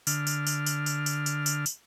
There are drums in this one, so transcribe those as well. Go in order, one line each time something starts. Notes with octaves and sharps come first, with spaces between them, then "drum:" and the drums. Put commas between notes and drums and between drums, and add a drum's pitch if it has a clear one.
D3 F6, drum: tambourine
drum: tambourine
drum: tambourine
drum: tambourine
drum: tambourine
drum: tambourine
drum: tambourine
drum: tambourine
drum: tambourine